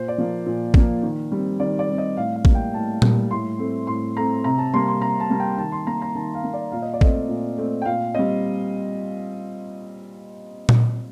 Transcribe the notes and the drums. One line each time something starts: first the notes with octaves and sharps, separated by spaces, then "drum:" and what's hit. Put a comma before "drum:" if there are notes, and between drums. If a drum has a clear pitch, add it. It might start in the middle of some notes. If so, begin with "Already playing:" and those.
Already playing: A#2 C5
D5
F3 A#3
A#2
F3 A#3, drum: kick
D#3
G3 C4
D#3 D5
D5
G3 C4
D#5
A2 F5
F5
G3 A#3, drum: kick
G5
A2 A5
G3 A#3, drum: tom A#2
A2 C6
A3 C4
A2 C6
A3 C4 A#5
C3 A#5
A5
G3 A#3 C6
C6
C3 A#5
A5
G3 A#3
G5
D#3 A5
C6
A#3 A#5
A#5
D#3 A5
F5
A#3
D5
A#2 F5
D#5
D5
A3 C4 D#5, drum: kick
A#2
A3 C4
G5
A#2 F5
G3 C4 D#5
drum: tom A#2